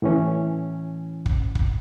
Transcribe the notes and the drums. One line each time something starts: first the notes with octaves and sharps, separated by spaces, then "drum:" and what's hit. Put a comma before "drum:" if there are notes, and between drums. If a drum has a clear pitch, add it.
A2 E3 C#4
drum: kick
drum: kick